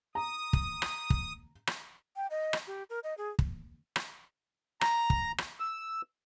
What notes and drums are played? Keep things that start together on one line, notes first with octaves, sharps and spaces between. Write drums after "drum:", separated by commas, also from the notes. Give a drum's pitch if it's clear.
A#5 D#6
drum: kick
drum: rim click
drum: kick
drum: rim click
G5
D#5
drum: rim click
G4
A#4
D#5
G#4
drum: kick
drum: rim click
A#5, drum: rim click
drum: kick
drum: rim click
E6